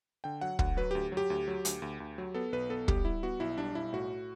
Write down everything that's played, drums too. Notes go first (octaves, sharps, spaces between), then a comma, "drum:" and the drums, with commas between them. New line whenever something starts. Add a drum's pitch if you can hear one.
D3 G5
F#3 F#5
D2 F#5, drum: kick
F#3 B4
D2 G4
F#3
G4
D2
F#3
D2, drum: hi-hat
D2
D2
F#3
B3 A4
B1 B4
B3 A4
G3 G4, drum: kick
G3 E4
B3 F#4
B1 E4
G3 D4
B1 E4
A2 F#4